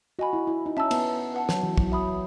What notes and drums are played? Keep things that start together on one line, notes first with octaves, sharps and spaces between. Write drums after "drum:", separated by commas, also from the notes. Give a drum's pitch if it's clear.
F#4 D#5 G#5 B5
E4
E4
D#4
C#4 E5 A5 E6
B3, drum: cymbal
B4 F#5 A5
F#3, drum: snare
E3
F#3, drum: kick
E5 B5 D#6